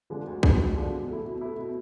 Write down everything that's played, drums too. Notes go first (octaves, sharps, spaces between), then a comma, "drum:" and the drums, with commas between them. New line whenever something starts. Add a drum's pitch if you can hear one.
D3 F3 G#3 D4
D2
D3 F3 G#3 D4, drum: kick B1
D2
D3 F3 G#3 D4
B2
A3 E4
B2
A3 E4
B2